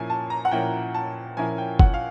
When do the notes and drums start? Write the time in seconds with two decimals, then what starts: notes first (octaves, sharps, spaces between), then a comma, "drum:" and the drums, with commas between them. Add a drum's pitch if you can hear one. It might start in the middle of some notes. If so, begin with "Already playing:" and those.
Already playing: A#2 F3 A#3 C#4 E4 G#5
0.10 A5
0.30 A#5
0.45 F#5
0.51 A#2 F3 A#3 C#4 E4 G5
0.94 A5
1.37 A#2 F3 A#3 C#4 E4 G#5
1.58 G5
1.79 F#5, drum: kick
1.94 F5